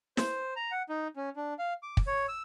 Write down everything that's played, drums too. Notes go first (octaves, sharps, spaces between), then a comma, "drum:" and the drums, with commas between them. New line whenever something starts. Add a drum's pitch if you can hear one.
C5, drum: snare
A#5
F#5
D#4
C#4
D4
F5
D6
drum: kick
C#5
E6